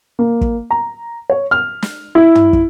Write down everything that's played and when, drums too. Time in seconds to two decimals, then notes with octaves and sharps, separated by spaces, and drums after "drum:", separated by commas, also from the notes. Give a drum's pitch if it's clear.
0.19 A#3
0.41 drum: kick
0.70 A#5
1.30 C#5
1.51 F6
1.82 drum: snare
2.15 E4
2.35 drum: tom
2.53 drum: kick